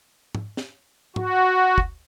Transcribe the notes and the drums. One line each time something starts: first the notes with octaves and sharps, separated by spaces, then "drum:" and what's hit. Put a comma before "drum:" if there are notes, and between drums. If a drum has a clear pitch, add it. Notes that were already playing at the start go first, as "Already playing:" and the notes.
drum: tom
drum: snare
F#4, drum: tom
drum: kick